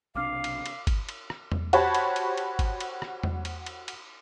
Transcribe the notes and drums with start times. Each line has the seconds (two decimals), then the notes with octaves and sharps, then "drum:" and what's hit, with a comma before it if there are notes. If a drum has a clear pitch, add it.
0.15 B1 C3 D4 F5 D6 F6
0.44 drum: cymbal
0.66 drum: cymbal
0.87 drum: kick, cymbal
1.09 drum: cymbal
1.30 drum: rim click
1.52 drum: tom E2
1.73 F#4 G4 C5 C#5 A5 B5, drum: cymbal
1.95 drum: cymbal
2.16 drum: cymbal
2.38 drum: cymbal
2.59 drum: kick, cymbal
2.80 drum: cymbal
3.02 drum: rim click
3.23 drum: tom E2
3.45 drum: cymbal
3.66 drum: cymbal
3.88 drum: cymbal